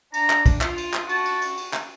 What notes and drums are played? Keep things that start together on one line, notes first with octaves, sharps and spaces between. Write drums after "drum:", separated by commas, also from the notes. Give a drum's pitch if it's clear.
D4 A#5, drum: cymbal
drum: clap
drum: kick, cymbal
F4, drum: clap
drum: cymbal
drum: clap
F#4 A5, drum: cymbal
drum: cymbal
drum: cymbal
drum: cymbal
drum: clap